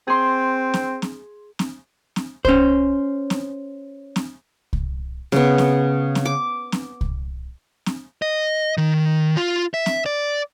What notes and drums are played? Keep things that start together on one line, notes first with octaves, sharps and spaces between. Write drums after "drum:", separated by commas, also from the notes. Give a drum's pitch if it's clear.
C4 G#4 C6
drum: snare C4
drum: snare C4
drum: snare C4
drum: snare C4
C#4 C5, drum: kick C2
drum: snare C4
drum: snare C4
drum: kick C2
C#3 B3, drum: snare C4
drum: snare C4
drum: snare C4
D6
drum: snare C4
drum: kick C2
drum: snare C4
D#5
D#3
F4
E5
drum: snare C4
D5